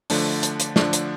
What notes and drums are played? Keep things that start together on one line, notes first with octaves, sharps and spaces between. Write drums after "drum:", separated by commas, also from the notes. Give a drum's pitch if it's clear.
D3 F3 A3 D4, drum: open hi-hat
drum: hi-hat
drum: hi-hat
D3 F3 A3 D4, drum: snare
drum: hi-hat